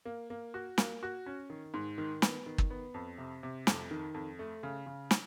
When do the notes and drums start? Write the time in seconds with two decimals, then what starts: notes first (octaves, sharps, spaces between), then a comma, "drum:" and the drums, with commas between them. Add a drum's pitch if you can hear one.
0.05 A#3
0.30 A#3
0.54 F#4
0.78 A#3, drum: snare
1.03 F#4
1.26 C#4
1.50 D#3
1.74 G#2
1.98 D#3
2.22 B3, drum: snare
2.46 D#3
2.58 drum: kick
2.70 B3
2.94 F2
3.18 C3
3.43 C3
3.67 F2, drum: snare
3.91 D#3
4.14 F2
4.39 A3
4.63 C#3
4.86 C#3
5.11 drum: snare